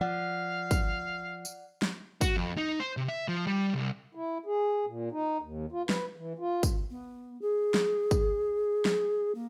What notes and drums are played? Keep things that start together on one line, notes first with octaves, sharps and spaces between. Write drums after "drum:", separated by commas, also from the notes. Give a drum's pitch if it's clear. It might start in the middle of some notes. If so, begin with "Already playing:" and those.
F3 D5 F5 F#5
drum: kick, tambourine
drum: tambourine
drum: snare
F#4, drum: kick, tambourine
F2
D#4
C5
C3
E5
F3
G3
C2
E4
G#4
A#2
D#4
D#2
F4
B4, drum: snare
E3
F4
drum: kick, tambourine
B3
G#4
drum: snare
drum: kick, tambourine
drum: snare
A#3